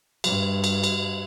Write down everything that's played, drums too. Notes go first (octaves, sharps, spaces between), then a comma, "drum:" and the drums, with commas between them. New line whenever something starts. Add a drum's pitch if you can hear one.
G2, drum: cymbal
drum: cymbal
drum: cymbal